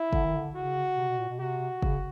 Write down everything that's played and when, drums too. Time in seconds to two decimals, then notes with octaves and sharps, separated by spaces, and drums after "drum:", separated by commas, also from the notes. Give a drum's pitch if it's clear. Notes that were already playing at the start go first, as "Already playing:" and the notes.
Already playing: E4
0.13 D3, drum: kick
0.25 D#3
0.36 D3
0.55 C#3 F#4
0.97 C3
1.08 B2
1.18 A#2
1.30 B2
1.39 C3 F#4
1.82 C#3, drum: kick